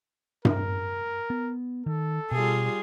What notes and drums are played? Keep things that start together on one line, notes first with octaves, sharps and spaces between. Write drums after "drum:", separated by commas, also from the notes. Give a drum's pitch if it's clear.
A#4, drum: tom G2
B3
D#3 A4
B2 G3 F4 G#4